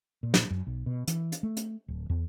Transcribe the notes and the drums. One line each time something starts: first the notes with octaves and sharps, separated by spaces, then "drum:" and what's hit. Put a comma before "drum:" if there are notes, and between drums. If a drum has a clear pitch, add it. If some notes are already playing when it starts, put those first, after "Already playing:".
A#2
drum: snare
F#2
B1
B2
E3, drum: hi-hat
drum: hi-hat
A3
drum: hi-hat
D1
E2